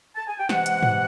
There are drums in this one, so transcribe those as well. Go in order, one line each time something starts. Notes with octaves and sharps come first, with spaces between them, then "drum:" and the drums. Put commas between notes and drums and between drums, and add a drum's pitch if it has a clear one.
A5
G#5
G5
C3 E3 G#3 F#5, drum: snare
drum: hi-hat
drum: tom G#2